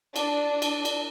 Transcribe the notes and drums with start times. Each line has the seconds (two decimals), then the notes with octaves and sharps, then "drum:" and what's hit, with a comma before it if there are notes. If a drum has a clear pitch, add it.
0.16 D4, drum: cymbal
0.62 drum: cymbal
0.85 drum: cymbal